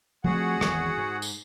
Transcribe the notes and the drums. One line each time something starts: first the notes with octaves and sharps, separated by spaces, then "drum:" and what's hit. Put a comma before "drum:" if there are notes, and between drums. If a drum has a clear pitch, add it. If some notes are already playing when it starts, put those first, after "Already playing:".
F3 A3 C4 F#4 G#4 F#5
G#1 E2, drum: rim click
G#2
drum: tambourine